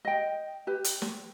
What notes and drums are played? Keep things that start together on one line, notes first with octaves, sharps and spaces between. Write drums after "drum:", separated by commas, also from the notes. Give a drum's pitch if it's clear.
D#5 G5
G4 B4
drum: hi-hat
drum: snare